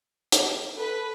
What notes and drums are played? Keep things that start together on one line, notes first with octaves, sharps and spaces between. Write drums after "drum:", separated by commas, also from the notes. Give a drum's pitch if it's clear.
drum: hi-hat
A4 B4